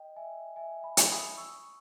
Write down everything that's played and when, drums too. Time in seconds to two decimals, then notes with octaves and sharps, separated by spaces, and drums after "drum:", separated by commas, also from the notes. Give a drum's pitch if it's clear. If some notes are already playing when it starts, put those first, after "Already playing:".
Already playing: D#5 G5
0.16 E5 G#5
0.56 E5 G#5
0.83 G#5 B5
0.97 drum: hi-hat
1.11 B5 D#6
1.37 C#6 E6